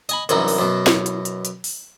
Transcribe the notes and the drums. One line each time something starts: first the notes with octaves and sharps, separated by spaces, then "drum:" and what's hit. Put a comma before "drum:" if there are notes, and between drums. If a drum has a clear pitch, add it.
D#5 G#5 B5, drum: hi-hat
C2 F#2 E3 D#4, drum: hi-hat
drum: open hi-hat
F#2 B2
drum: snare
drum: hi-hat
drum: hi-hat
drum: hi-hat
drum: open hi-hat